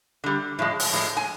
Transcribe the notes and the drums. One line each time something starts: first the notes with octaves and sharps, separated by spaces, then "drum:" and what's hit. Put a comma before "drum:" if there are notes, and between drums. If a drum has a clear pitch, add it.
D3 G3
A2 F3 G#3
drum: open hi-hat
A2 F3 G#3
G#5